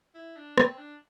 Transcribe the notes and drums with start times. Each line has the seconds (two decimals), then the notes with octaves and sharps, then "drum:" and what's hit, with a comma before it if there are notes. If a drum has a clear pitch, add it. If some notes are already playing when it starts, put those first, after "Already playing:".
0.15 E4
0.36 D4
0.58 C4, drum: rim click
0.78 D4